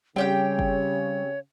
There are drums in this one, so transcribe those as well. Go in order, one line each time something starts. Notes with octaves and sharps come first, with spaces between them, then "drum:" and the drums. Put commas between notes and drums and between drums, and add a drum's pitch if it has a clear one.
C#3 G3 C4 G4 C#5 G5
drum: kick F#1